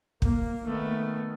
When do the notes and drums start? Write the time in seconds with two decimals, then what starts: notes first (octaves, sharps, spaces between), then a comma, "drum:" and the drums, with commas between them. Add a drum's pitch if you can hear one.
0.22 A#3, drum: kick
0.65 D#3 A3 B3